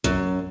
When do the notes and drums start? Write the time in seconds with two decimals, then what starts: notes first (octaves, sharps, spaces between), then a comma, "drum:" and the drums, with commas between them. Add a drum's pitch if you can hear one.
0.04 F#2, drum: kick